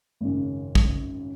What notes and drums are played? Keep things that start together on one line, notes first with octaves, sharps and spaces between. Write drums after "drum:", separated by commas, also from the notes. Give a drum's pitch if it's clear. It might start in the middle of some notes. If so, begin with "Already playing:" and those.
G#1 F#2 C#3
drum: kick